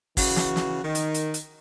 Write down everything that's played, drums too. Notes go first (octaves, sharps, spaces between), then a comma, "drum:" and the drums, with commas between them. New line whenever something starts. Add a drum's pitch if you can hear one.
C#3 E3 F#4, drum: kick, open hi-hat
drum: snare
drum: snare
D#3
drum: hi-hat
drum: hi-hat
drum: hi-hat